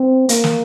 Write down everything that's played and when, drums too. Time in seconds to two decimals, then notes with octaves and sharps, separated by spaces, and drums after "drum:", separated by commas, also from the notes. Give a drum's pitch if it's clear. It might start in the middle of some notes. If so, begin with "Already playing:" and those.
Already playing: C4
0.29 A#3, drum: hi-hat
0.44 drum: snare